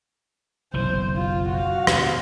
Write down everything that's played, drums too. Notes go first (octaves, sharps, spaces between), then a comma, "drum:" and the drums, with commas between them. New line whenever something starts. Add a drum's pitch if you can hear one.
F#1 B1 E3 C5
F4
F#4 F5
D2 B2, drum: rim click